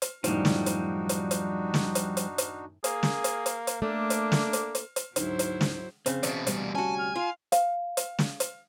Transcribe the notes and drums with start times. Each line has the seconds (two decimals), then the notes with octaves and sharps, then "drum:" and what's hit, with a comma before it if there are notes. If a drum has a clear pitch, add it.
0.02 drum: hi-hat
0.24 F#2 A2 D#3 F3 G3 D4 D#4 F#4, drum: hi-hat
0.45 drum: snare
0.66 drum: hi-hat
1.09 drum: hi-hat
1.31 drum: hi-hat
1.74 drum: snare
1.95 drum: hi-hat
2.17 drum: hi-hat
2.38 drum: hi-hat
2.84 A#3 G#4, drum: hi-hat
3.03 drum: snare
3.24 drum: hi-hat
3.46 drum: hi-hat
3.67 drum: hi-hat
3.82 A3 A#3 D4
4.10 drum: hi-hat
4.32 drum: snare
4.53 drum: hi-hat
4.75 drum: hi-hat
4.96 drum: hi-hat
5.16 D2 G#2 F#3 E4 C5, drum: hi-hat
5.39 drum: hi-hat
5.61 drum: snare
6.06 F2 C#3 C4, drum: hi-hat
6.23 E2 B2 D5 E5, drum: hi-hat
6.47 D2 C3 G3, drum: hi-hat
6.75 C#4 F#4 G#5 A5
6.98 F6
7.16 F4 F5
7.52 F5, drum: hi-hat
7.97 drum: hi-hat
8.19 drum: snare
8.40 drum: hi-hat